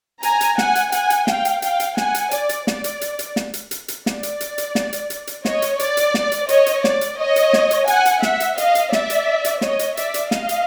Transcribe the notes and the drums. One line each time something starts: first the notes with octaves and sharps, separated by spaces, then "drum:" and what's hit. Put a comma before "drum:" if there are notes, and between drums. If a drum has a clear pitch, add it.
G#5 A#5, drum: hi-hat
drum: hi-hat
F#5 G#5, drum: snare
drum: hi-hat
F#5 G#5, drum: hi-hat
drum: hi-hat
F5 G5, drum: snare
drum: hi-hat
F5 G5, drum: hi-hat
drum: hi-hat
F#5 G#5, drum: snare
drum: hi-hat
D5, drum: hi-hat
drum: hi-hat
D5, drum: snare
drum: hi-hat
drum: hi-hat
drum: hi-hat
drum: snare
drum: hi-hat
drum: hi-hat
drum: hi-hat
D5, drum: snare
drum: hi-hat
drum: hi-hat
drum: hi-hat
drum: snare
drum: hi-hat
drum: hi-hat
drum: hi-hat
C#5 D#5, drum: snare
drum: hi-hat
D5, drum: hi-hat
drum: hi-hat
drum: snare
drum: hi-hat
C#5 D#5, drum: hi-hat
drum: hi-hat
D5, drum: snare
drum: hi-hat
C#5 D#5
drum: hi-hat
drum: snare
drum: hi-hat
F#5 G#5, drum: hi-hat
drum: hi-hat
E5 F#5, drum: snare
drum: hi-hat
D#5 F5, drum: hi-hat
drum: hi-hat
D5 E5, drum: snare
drum: hi-hat
drum: hi-hat
C#5 D#5, drum: snare
drum: hi-hat
D5 E5, drum: hi-hat
drum: hi-hat
D#5 F5, drum: snare
drum: hi-hat